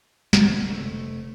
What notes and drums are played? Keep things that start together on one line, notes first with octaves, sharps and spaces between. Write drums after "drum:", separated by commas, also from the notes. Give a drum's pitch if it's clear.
B2 D3 F3 C4, drum: snare
F1 A3